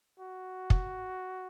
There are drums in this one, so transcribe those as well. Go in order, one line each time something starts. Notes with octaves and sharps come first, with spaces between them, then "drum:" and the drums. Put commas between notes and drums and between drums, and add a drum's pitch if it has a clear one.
F#4
drum: kick